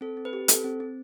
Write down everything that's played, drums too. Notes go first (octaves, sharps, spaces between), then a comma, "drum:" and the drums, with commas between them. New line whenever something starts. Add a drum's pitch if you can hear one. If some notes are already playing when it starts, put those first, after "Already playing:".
C4 A4
C4
B4
G4
C4 A4, drum: hi-hat
C4
C4